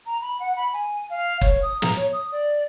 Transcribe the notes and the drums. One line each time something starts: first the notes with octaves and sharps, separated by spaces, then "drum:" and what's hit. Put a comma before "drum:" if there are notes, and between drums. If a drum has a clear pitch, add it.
A#5
B5
F#5
B5
G#5
F5
C#5, drum: kick, hi-hat
D#6
A#5, drum: snare
C#5
D#6
D5